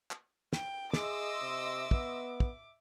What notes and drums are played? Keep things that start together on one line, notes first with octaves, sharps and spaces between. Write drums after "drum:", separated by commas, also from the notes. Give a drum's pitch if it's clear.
drum: clap
G5, drum: snare
G#4 D#5 E5 C6 D6 E6, drum: snare
C3
B3, drum: kick
drum: kick